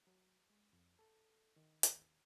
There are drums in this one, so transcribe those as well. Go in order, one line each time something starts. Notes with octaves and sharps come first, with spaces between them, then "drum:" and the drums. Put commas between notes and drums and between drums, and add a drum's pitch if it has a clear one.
F#3
G#3
F2
A4
D#3
drum: hi-hat
D#2